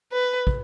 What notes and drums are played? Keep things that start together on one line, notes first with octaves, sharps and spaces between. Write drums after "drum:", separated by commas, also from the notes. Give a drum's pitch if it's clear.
B4
drum: kick